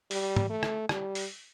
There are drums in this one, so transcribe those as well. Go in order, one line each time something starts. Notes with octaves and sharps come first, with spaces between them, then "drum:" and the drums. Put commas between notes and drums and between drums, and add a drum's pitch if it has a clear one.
G3, drum: open hi-hat
drum: tom G#2
A3
drum: rim click
G3, drum: rim click
drum: open hi-hat